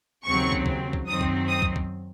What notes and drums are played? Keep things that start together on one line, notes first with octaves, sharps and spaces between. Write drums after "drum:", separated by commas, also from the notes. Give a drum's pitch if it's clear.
D#2 C#3 F#3 C4 C#6
drum: kick
drum: kick
drum: kick
F#2 D#3 F#3 C4 D#6
drum: kick
D#6
drum: kick
drum: kick